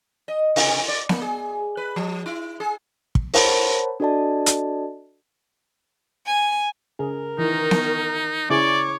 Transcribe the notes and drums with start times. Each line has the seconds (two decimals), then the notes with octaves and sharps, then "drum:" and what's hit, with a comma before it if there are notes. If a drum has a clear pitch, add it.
0.28 D#5
0.56 C3, drum: open hi-hat
0.88 D5
1.09 A#3, drum: snare B3
1.22 G#4
1.77 B4
1.96 F3
2.26 E4
2.60 G#4
3.15 drum: kick
3.34 A#4 C5 C#5 F#5 A5 B5, drum: open hi-hat
4.00 D4 F#4 A4 D5 D#5 A5
4.46 drum: hi-hat
6.26 G#5
6.99 C#3 G#4 A#4
7.38 D#3 E3 D#4
7.71 drum: snare B3
8.50 C#3 E4 G#4 C#5 D5 D6